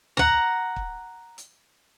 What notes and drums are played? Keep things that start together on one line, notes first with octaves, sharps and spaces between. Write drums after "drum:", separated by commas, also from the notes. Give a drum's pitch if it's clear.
F#5 A#5, drum: tom
drum: kick
drum: hi-hat